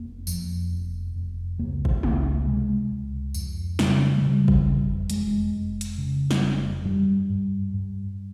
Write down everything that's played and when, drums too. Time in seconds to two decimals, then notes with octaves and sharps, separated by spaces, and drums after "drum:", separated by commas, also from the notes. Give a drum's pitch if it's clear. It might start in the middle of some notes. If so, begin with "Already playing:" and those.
Already playing: F1 A#3
0.27 F2, drum: tambourine
0.72 F1
1.16 F1
1.59 C#2 A#3
1.85 drum: kick
2.03 C#2, drum: tom G#3
2.47 C3 G#3
2.91 C#2
3.34 F2, drum: tambourine
3.79 C#3, drum: snare
4.17 G#3
4.22 C#3 G3
4.48 drum: kick
4.66 F1
5.10 F1 G#3, drum: hi-hat
5.54 F1
5.81 drum: hi-hat
5.98 C#3
6.31 drum: snare
6.42 F1
6.85 G2 G3
7.29 G2
7.74 G2